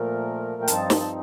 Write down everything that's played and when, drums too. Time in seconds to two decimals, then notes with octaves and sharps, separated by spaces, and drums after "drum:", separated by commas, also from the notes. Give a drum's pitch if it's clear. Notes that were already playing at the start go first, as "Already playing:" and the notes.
Already playing: A#2 F3 A3 A#4
0.62 G5
0.68 G2 F3 C4 D#4 A5, drum: hi-hat
0.90 drum: snare
1.00 A5